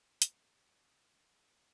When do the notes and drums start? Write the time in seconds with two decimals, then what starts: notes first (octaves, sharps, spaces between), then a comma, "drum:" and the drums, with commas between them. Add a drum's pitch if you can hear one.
0.22 B2 D#3 F#3 G3 B3, drum: hi-hat
0.65 C4 D4 F4 A#4 C#5
1.50 F#3